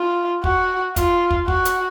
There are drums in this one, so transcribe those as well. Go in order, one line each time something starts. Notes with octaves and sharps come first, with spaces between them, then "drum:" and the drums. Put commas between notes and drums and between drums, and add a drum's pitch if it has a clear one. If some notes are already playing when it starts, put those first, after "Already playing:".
Already playing: F4
F#4, drum: kick
F4, drum: kick, hi-hat
drum: kick
F#4, drum: kick
drum: hi-hat